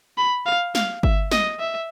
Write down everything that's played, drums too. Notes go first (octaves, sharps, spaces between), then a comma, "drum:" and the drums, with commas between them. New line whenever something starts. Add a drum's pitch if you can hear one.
B5
F5
F5, drum: snare
E5, drum: kick G1
D#5, drum: snare
E5